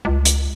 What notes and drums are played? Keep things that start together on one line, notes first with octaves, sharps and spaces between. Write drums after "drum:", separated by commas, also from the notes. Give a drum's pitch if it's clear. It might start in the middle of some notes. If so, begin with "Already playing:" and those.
C#2
drum: hi-hat